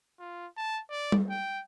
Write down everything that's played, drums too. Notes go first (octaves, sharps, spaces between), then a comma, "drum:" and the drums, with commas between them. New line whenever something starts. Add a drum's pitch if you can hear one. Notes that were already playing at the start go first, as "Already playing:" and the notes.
F4
A5
D5
drum: tom G3
G5